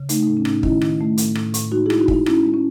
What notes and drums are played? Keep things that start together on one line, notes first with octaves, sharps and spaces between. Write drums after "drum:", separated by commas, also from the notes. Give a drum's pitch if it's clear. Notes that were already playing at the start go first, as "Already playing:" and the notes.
Already playing: C#3
A3 D#4, drum: hi-hat
D#4
A2
C#4
A2 D#4, drum: rim click
D#3 C#4 E4, drum: kick
D#3, drum: rim click
A3
A2, drum: hi-hat
A2, drum: rim click
A2, drum: hi-hat
G#3 D#4 F#4
E4 G#4
G#3, drum: rim click
D#4 F#4
G#3, drum: kick
D#4
G#3 C#4 E4, drum: rim click
G#3
C#4